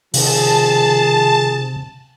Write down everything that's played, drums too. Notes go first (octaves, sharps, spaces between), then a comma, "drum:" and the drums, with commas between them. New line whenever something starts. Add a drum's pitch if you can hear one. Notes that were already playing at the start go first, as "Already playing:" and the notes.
C3 D#3 F3 G#4 A5, drum: open hi-hat